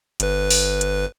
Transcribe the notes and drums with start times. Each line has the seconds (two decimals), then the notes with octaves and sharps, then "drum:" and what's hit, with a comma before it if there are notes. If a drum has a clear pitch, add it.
0.20 G1 B4, drum: hi-hat
0.51 drum: open hi-hat
0.81 drum: hi-hat